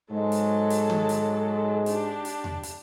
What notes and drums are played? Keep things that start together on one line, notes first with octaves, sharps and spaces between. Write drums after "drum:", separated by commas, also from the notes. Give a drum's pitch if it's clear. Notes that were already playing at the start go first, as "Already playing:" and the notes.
G#2 F#3 G#3 A4
drum: hi-hat
drum: hi-hat
drum: tom D#3
drum: hi-hat
D4 G4, drum: hi-hat
drum: hi-hat
drum: tom E2
drum: hi-hat